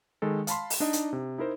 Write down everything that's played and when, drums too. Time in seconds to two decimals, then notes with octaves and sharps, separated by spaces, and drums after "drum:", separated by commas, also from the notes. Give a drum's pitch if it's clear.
0.22 D#3 G#3 A4
0.47 F5 A5 B5 C6, drum: hi-hat
0.70 drum: open hi-hat
0.80 D4 D#4 D5 D#5
0.93 drum: hi-hat
1.13 C3
1.38 D#4 E4 A#4 C5